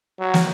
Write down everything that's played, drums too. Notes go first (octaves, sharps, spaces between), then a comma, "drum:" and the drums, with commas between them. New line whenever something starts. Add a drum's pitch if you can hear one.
F#3
drum: snare